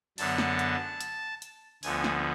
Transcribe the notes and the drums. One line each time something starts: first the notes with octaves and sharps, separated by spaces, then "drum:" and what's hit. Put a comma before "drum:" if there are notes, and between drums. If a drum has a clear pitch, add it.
F#2 D3 F#3 B3 A5, drum: open hi-hat
drum: snare
drum: hi-hat
drum: hi-hat
drum: hi-hat
D2 D3 F3 B3 G#5, drum: open hi-hat
drum: snare